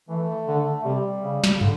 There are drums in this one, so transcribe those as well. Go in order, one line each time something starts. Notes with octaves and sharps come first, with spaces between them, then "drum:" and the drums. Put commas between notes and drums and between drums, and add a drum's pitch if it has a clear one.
E3 A3
D3
C3 G3
C#3
drum: snare
C#3
D3, drum: tom